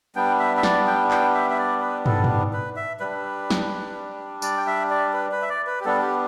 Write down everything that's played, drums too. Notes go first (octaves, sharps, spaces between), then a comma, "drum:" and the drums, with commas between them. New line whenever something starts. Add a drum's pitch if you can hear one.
G3 B3 D4 G5
E5
E5
D5, drum: snare
G5
G5, drum: clap
E5
E5
D5
B4
A4, drum: tom
drum: tom G#2
B4
E5
G3 D4 B4
drum: snare
D5, drum: tambourine
G5
E5
D5
B4
B4
E5
D5
B4
G4
G3 B3 D4 A4
G4